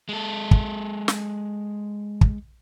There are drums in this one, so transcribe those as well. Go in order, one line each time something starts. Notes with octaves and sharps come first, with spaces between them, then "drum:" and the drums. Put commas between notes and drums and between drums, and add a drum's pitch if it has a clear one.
G#3 A4
drum: kick
drum: snare
drum: kick